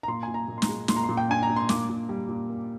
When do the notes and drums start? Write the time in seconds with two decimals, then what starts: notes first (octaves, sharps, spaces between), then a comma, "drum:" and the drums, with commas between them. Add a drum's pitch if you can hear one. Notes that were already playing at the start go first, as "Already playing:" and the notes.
0.03 A#5
0.08 A#2 C6
0.23 A#2 G#5
0.34 A#5
0.48 A#2
0.58 C6
0.62 A#5, drum: snare
0.68 G#3
0.88 A#2 C6, drum: snare
0.96 A#5
1.03 C6
1.09 A#2
1.17 G5
1.29 D4 G#5
1.43 A#5
1.49 A#2
1.56 C6
1.69 A#3 D6, drum: snare
1.89 A#2
2.09 G3
2.29 A#2
2.49 A#3